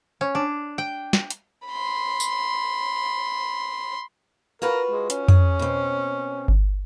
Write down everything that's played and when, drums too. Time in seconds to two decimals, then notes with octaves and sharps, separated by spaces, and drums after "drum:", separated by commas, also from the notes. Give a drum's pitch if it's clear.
0.21 C#4
0.35 D4
0.78 G5
1.13 drum: snare
1.30 drum: hi-hat
1.67 B5 C6
2.20 drum: tambourine
4.62 F4 F#4 A#4 B4
4.91 G#3
5.10 C#4, drum: hi-hat
5.28 G#4, drum: tom F2
5.59 B2 C4
6.48 drum: kick G1